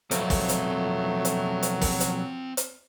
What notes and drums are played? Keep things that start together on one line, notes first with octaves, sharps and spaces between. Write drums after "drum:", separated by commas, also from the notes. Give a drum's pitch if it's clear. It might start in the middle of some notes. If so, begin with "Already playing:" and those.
B1 F2 F#3 A3 C4 F5, drum: hi-hat
drum: kick, open hi-hat
drum: hi-hat
drum: hi-hat
drum: hi-hat
drum: kick, open hi-hat
drum: hi-hat
drum: hi-hat